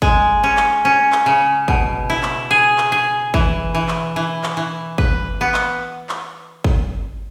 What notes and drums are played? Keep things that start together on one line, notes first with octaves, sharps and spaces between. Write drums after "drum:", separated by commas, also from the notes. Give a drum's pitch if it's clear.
G#3, drum: kick
C#4
drum: clap
C#4
drum: clap
C#3
B2, drum: kick
E4
drum: clap
G#4
drum: clap
G#4
E3, drum: kick
E3
drum: clap
E3
drum: clap
E3
B4, drum: kick
B3
drum: clap
drum: clap
drum: kick